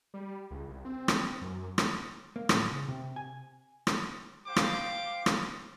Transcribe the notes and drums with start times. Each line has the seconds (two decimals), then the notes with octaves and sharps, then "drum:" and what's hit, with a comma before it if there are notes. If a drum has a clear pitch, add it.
0.14 G3
0.51 C#2
0.68 C2
0.85 C4
1.08 drum: rim click
1.41 F#2
1.78 drum: rim click
2.36 A#3
2.49 A2, drum: rim click
2.70 C#3
2.89 C3
3.16 G#5
3.87 drum: rim click
4.46 G4 C5 F5 D6
4.56 drum: rim click
5.26 drum: rim click